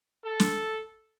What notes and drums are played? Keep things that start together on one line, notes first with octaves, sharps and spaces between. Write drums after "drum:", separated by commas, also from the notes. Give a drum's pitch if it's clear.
A4
drum: snare